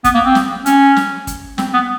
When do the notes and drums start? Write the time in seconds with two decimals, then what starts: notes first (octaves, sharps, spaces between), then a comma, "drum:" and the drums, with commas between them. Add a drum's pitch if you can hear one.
0.04 B3, drum: kick, hi-hat
0.15 A#3
0.25 C4
0.35 drum: snare
0.66 C#4, drum: hi-hat
0.96 drum: snare
1.27 drum: kick, hi-hat
1.58 C4, drum: snare
1.73 B3